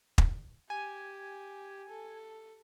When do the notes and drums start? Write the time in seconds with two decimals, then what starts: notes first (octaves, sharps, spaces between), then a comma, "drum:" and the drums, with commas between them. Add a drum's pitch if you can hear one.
0.18 drum: kick
0.70 G4 G#5
1.89 A4